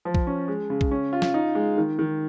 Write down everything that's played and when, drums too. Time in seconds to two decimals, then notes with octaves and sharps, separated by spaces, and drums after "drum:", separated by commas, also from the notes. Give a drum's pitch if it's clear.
0.05 F3
0.14 drum: kick
0.27 C#4
0.48 G#3
0.70 C#3
0.81 drum: kick
0.91 C#4
1.13 F4
1.22 drum: snare
1.34 D#4
1.55 G#3
1.77 D#3
1.99 D#3